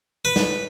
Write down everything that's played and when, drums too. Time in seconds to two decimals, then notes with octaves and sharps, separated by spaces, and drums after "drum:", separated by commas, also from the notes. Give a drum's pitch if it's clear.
0.25 B4
0.36 drum: snare